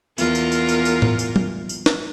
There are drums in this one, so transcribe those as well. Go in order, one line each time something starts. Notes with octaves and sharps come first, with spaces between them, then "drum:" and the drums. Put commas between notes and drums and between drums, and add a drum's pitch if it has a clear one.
E2 F4 A#4, drum: tambourine
drum: tambourine
drum: tambourine
drum: tambourine
drum: tambourine
drum: tom A2
drum: tambourine
drum: tom
drum: tambourine
drum: snare